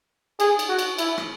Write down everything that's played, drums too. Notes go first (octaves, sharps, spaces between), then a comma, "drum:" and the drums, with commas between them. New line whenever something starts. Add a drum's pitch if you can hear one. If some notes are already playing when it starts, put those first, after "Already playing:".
G#4, drum: cymbal
drum: cymbal
F#4
drum: cymbal
E4, drum: cymbal
drum: rim click